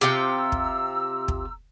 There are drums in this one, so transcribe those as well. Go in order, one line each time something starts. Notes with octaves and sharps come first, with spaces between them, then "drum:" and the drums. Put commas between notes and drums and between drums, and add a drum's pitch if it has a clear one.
C3 F4 G5 A#5 E6
drum: kick
drum: kick